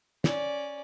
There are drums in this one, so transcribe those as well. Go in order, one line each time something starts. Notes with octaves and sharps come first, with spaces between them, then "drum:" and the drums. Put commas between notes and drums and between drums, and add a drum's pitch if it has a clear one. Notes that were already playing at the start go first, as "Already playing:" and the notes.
C#4 D5, drum: snare